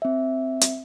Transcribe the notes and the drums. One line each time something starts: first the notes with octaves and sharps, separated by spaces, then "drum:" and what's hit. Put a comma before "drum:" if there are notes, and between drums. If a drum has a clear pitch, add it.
C4 E5
drum: hi-hat